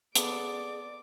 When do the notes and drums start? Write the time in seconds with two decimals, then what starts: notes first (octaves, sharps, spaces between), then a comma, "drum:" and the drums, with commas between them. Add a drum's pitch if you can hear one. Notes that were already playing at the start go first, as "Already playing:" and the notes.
0.15 B3 G#4 A4 D5 D6, drum: hi-hat